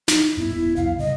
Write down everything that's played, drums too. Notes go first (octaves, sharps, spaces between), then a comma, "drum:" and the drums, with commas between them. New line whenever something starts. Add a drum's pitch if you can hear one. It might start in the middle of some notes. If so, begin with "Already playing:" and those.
D#4, drum: snare
G2 B3 C#4 E4
E1 B3 C#4
C2 F2 B3 F5
D2 G2 C#3 D#5